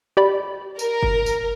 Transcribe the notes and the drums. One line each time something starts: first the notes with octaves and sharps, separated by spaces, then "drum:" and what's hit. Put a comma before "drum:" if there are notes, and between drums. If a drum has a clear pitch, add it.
G4 D5 B5
A#4, drum: tambourine
drum: kick F#1
drum: tambourine